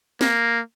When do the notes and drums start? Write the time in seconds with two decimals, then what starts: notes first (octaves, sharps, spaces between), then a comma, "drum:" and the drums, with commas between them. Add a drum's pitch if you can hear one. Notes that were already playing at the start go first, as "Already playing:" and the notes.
0.21 A#3, drum: snare